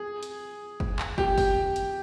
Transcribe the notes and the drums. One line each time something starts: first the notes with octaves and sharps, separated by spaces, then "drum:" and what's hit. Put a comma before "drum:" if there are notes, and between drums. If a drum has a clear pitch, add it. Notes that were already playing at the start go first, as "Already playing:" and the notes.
Already playing: G#4
drum: hi-hat
drum: kick
drum: clap
G4, drum: kick
drum: kick, open hi-hat
drum: hi-hat